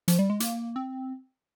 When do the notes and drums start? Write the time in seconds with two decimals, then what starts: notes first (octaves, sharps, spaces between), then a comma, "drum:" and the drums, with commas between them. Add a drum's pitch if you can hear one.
0.08 F3, drum: hi-hat
0.19 G3
0.30 G#3
0.40 A#3, drum: hi-hat
0.76 C4